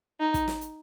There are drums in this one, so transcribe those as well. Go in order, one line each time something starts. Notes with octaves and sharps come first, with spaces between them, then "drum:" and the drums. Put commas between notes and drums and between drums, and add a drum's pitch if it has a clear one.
D#4
drum: kick, hi-hat
drum: snare
drum: hi-hat